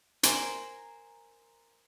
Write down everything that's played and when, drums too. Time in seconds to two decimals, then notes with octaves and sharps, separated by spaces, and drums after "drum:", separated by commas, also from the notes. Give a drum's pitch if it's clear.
0.23 A#4 C5 G#5 A#5, drum: hi-hat